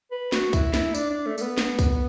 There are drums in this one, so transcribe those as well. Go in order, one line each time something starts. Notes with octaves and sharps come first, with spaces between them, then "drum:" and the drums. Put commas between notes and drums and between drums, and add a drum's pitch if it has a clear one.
B4
F#4, drum: snare
E4, drum: kick B1, tambourine
E4, drum: snare
D4, drum: tambourine
D4
A3
A3, drum: tambourine
B3
drum: snare
drum: kick B1, tambourine